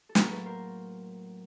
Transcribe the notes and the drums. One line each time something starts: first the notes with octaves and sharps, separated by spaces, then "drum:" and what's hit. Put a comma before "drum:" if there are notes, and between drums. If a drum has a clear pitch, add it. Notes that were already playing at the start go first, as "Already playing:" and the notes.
A4
A2 F#3 A#3 C#4 G#4 A#4, drum: snare
A4 B4
A#4 C5